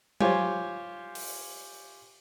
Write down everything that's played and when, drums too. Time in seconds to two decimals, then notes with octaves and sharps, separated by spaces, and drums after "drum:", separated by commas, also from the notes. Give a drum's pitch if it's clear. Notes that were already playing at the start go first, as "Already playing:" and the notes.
0.20 F4 G4 C5 C#5 G#5, drum: tom F#3
1.15 drum: open hi-hat